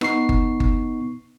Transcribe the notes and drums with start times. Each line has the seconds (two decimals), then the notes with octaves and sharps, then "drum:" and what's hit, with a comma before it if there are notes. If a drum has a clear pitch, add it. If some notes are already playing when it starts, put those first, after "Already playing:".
0.01 B3 D#4 C#6 C7, drum: rim click
0.29 drum: kick G1
0.60 drum: kick G1